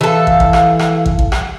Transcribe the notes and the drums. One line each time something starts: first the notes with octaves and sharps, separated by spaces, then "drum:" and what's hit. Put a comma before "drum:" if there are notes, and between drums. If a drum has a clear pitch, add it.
E3 A4 F5
drum: kick
drum: kick
drum: rim click
drum: rim click
drum: kick
drum: kick
drum: rim click